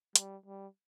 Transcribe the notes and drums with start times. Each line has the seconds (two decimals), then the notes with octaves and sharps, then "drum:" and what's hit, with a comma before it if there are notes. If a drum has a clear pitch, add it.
0.16 G3, drum: hi-hat
0.46 G3